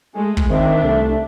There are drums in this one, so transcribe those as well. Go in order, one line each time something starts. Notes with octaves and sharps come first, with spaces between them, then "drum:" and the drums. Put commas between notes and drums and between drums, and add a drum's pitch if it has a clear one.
G#3 A3 G#5
drum: kick
D#3 C4 D4 E5
C2 A3